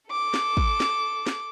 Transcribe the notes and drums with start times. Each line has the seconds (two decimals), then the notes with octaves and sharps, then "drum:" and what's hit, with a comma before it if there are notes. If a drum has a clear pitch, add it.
0.10 A4 D6
0.34 drum: snare
0.57 drum: kick
0.80 drum: snare
1.27 drum: snare